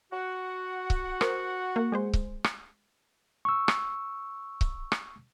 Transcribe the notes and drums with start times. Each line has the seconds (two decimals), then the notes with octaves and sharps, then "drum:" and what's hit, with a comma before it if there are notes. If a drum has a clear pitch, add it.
0.12 F#4 F#5
0.90 drum: kick C#1
1.21 A#4 C5, drum: rim click
1.76 A#3
1.92 G#3 G#4 C5
2.13 drum: kick C#1
2.44 drum: rim click
3.45 C#6 E6
3.68 drum: rim click
4.61 drum: kick C#1
4.92 drum: rim click